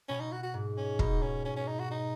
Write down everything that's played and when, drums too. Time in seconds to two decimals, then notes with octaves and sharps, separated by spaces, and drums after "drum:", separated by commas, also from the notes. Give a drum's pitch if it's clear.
0.09 B2 C#4
0.20 D#4
0.32 F#4
0.43 F#4
0.54 G#2
0.77 C#4
0.99 B2 D#4, drum: kick
1.22 C#4
1.45 C#4
1.56 C#4
1.68 D#4
1.79 F#4
1.91 D#4